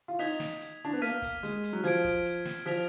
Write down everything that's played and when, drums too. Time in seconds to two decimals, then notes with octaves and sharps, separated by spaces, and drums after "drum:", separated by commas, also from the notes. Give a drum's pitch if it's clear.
0.08 F4
0.19 D#4 G#6 B6 F7, drum: open hi-hat
0.40 drum: snare
0.60 drum: hi-hat
0.85 D4
0.93 B3
1.02 A#3 F6 B6 D#7, drum: hi-hat
1.22 drum: kick, hi-hat
1.43 G#3, drum: hi-hat
1.63 drum: hi-hat
1.73 F#3
1.84 F3 F6 G#6 D7, drum: hi-hat
2.04 drum: kick, hi-hat
2.25 drum: hi-hat
2.45 drum: snare
2.66 F3 F6 B6 F7, drum: open hi-hat